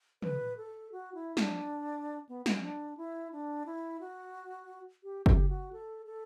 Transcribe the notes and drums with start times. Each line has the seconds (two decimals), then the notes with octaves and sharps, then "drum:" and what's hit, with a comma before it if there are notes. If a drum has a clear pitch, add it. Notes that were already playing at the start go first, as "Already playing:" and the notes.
0.22 B4, drum: tom
0.57 A4
0.92 F#4
1.14 E4
1.37 D4, drum: snare
2.29 B3
2.46 B3, drum: snare
2.54 C#4
2.63 D4
2.97 E4
3.32 D4
3.66 E4
4.00 F#4
5.04 G4
5.26 G4, drum: kick F#1
5.49 F#4
5.73 A4
6.06 A4